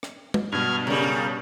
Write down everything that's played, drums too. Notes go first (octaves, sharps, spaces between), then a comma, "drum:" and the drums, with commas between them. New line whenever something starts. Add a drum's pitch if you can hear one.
drum: rim click
drum: tom
G2 B2 F6 G#6
C#3 G3 A#4